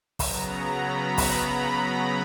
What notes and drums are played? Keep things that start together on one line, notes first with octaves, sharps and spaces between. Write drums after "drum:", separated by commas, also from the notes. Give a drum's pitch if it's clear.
C#3 F#3 B3 A#5, drum: kick, open hi-hat
B5
B5, drum: kick, open hi-hat